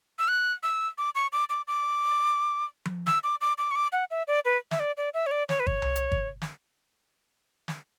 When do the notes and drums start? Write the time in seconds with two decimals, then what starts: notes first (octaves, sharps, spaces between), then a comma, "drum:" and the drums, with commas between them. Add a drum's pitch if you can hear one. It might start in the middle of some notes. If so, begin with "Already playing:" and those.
0.19 E6
0.28 F#6
0.63 E6
0.98 D6
1.15 C#6
1.32 D6
1.50 D6
1.68 D6
2.85 drum: tom F3
3.07 E6, drum: snare
3.24 D6
3.41 D6
3.58 D6
3.71 C#6
3.76 D6
3.92 F#5
4.11 E5
4.28 D5
4.45 B4
4.71 E5, drum: snare
4.80 D5
4.97 D5
5.14 E5
5.26 C#5
5.31 D5
5.49 C#5, drum: snare
5.60 B4
5.67 C#5, drum: kick G1
5.82 drum: tom C2
5.96 drum: hi-hat
6.12 drum: kick G1
6.42 drum: snare
7.68 drum: snare